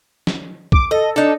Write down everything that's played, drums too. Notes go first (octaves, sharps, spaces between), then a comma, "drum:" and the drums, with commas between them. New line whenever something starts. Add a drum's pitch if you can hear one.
drum: snare
D6, drum: kick
A4 D#5
D4 D#4 A4